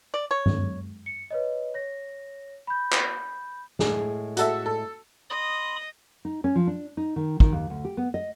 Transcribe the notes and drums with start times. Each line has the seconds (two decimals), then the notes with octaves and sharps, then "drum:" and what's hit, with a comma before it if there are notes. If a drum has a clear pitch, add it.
0.14 D5
0.31 C#5
0.46 drum: tom G2
1.06 C#7
1.31 B4 C#5 D#5
1.74 C#5 A#6
2.67 B5 G6
2.92 drum: clap
3.79 A2 G#3 G#4, drum: snare
4.37 F#4 A4 E5, drum: hi-hat
4.66 A4
5.30 D#5 B5 C6 D#6
6.25 D#4
6.44 C#4
6.55 F3
6.67 D4
6.97 D#4
7.16 D#3
7.40 D#3, drum: kick
7.52 D#2
7.70 D2
7.85 G4
7.97 B3
8.14 D#5